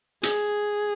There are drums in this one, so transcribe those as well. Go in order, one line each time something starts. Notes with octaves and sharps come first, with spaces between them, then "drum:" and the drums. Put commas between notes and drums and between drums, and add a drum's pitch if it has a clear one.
G#4, drum: hi-hat